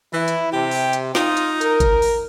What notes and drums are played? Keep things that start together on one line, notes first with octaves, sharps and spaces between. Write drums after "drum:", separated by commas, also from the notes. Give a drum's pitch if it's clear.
E3 E4
drum: hi-hat
C3 G4
drum: open hi-hat
drum: hi-hat
D#4 F4, drum: snare
drum: hi-hat
A#4, drum: hi-hat
drum: kick G#1, hi-hat
drum: open hi-hat